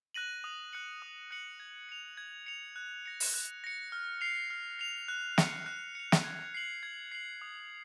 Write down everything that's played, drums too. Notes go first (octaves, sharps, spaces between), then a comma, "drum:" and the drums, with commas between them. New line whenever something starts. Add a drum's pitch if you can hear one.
F#6 A#6 D#7 F#7
D#6
F#6 C#7 F#7
D#6
F#6 C#7 F#7
G#6
C#7 F7
G#6
C#7 F7
F#6
A#6 C#7
drum: open hi-hat
F#6
A#6 C#7
F6
C7 F7
F6
C7 F7
F#6
C#7 F7, drum: snare
F#6
C#7 F7
drum: snare
G#6
C7 F#7
G#6
C7 F#7
D#6